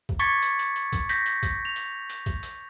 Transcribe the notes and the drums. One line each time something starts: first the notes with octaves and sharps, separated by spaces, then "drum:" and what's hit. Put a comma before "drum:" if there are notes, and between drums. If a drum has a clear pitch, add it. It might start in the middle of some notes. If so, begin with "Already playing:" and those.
drum: kick A#1
C#6 D6 G#6 A6 B6 C#7
drum: hi-hat
drum: hi-hat
drum: hi-hat
drum: kick A#1, hi-hat
G6 A#6 B6, drum: hi-hat
drum: hi-hat
drum: kick A#1, hi-hat
F7
drum: hi-hat
drum: hi-hat
drum: kick A#1, hi-hat
drum: hi-hat